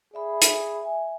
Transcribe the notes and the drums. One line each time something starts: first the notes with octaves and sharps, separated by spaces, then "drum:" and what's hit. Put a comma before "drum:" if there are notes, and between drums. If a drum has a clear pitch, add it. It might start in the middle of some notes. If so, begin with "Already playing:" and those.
G#4 D5 E5 B5
drum: hi-hat
E5 G#5